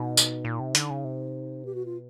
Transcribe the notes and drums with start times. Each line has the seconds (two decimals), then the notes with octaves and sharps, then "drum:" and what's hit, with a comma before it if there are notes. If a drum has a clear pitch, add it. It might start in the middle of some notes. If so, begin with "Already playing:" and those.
Already playing: B2 D#4
0.17 drum: tambourine
0.45 A#2
0.60 C3
0.75 D3, drum: hi-hat
0.90 C#3
1.05 C3
1.64 B2 G4
1.75 F#4
1.85 F4